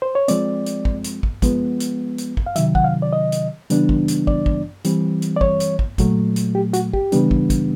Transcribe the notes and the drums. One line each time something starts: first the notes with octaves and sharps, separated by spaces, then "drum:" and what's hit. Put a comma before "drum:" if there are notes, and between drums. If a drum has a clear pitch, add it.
C5
C#5
F3 G#3 C4 D5, drum: hi-hat
drum: hi-hat
drum: kick
drum: hi-hat
drum: kick
F3 G#3 B3, drum: kick, hi-hat
drum: hi-hat
drum: hi-hat
drum: kick
F5
C3 D#3 F#3 E5, drum: hi-hat
F#5, drum: kick
F5
D5
D#5
drum: hi-hat
C#3 E3 G3 B3 D4, drum: hi-hat
drum: kick
drum: hi-hat
D5, drum: kick
drum: kick
E3 G3 C4, drum: hi-hat
drum: hi-hat
D5
C#5, drum: kick
drum: hi-hat
drum: kick
A#2 F#3 A3, drum: kick, hi-hat
drum: hi-hat
G4
F#4, drum: hi-hat
G4, drum: kick
C#3 E3 G3 B3 D4, drum: hi-hat
drum: kick
drum: kick, hi-hat